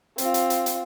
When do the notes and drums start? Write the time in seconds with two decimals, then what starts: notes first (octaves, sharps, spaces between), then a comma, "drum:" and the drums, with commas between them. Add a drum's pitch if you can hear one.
0.18 C4 F4, drum: hi-hat
0.34 drum: hi-hat
0.50 drum: hi-hat
0.66 drum: hi-hat